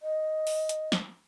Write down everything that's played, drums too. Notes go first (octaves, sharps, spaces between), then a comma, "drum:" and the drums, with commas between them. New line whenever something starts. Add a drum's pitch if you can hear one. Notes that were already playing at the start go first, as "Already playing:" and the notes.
D#5
drum: open hi-hat
drum: hi-hat
drum: snare